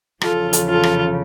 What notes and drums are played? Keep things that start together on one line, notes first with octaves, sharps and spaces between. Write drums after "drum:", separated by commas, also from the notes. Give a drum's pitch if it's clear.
E2 C#3 F3 F4 A4, drum: rim click
drum: hi-hat
F4 A4
drum: rim click